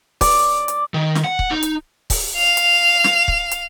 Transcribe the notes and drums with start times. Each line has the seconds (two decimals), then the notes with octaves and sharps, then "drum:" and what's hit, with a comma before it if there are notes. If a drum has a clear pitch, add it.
0.21 D5, drum: kick, open hi-hat
0.68 drum: hi-hat
0.94 D#3
1.15 drum: snare
1.24 F#5
1.39 drum: kick
1.51 D#4
1.63 drum: hi-hat
2.10 drum: kick, open hi-hat
2.36 F5 F7
2.57 drum: hi-hat
3.04 drum: snare
3.28 drum: kick
3.52 drum: hi-hat